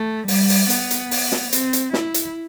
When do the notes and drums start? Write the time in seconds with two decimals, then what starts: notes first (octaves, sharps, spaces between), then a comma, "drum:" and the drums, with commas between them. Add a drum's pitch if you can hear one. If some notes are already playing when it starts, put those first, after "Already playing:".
Already playing: A3
0.28 G3, drum: open hi-hat
0.49 drum: open hi-hat
0.70 B3, drum: hi-hat
0.91 drum: hi-hat
1.11 drum: open hi-hat
1.32 drum: snare
1.53 C4, drum: hi-hat
1.73 drum: hi-hat
1.93 E4, drum: snare
2.14 drum: hi-hat